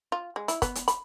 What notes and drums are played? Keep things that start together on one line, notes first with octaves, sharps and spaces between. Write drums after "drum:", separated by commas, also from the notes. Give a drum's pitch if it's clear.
F4
G#3
E4, drum: hi-hat
B3, drum: kick, hi-hat
drum: hi-hat
B5, drum: hi-hat